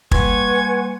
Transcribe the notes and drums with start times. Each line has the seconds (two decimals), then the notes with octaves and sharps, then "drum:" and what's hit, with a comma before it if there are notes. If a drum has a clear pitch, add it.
0.11 G3 A#3 B4 F#5 G#5 C6 C#6 G#6, drum: kick